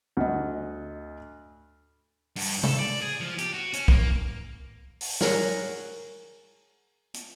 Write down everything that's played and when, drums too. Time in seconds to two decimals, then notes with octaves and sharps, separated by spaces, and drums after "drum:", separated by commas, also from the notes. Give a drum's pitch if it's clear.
0.17 D2 D#5
2.36 G2, drum: open hi-hat
2.63 A4, drum: tom C3
2.79 D5
3.02 G#4
3.20 F3
3.38 G4, drum: hi-hat
3.54 F#4
3.73 C#4, drum: hi-hat
3.88 A#3, drum: kick
5.01 drum: open hi-hat
5.21 G#4 A#4 C#5 F#5, drum: snare
7.14 drum: hi-hat